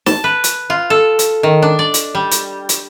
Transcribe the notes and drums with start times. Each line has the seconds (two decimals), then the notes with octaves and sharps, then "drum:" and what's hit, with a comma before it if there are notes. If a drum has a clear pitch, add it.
0.06 A5, drum: snare
0.24 B4
0.44 drum: hi-hat
0.70 F4
0.90 A4
1.19 drum: hi-hat
1.43 D#3
1.62 D4
1.79 D5
1.94 drum: hi-hat
2.15 G3
2.32 drum: hi-hat
2.69 drum: hi-hat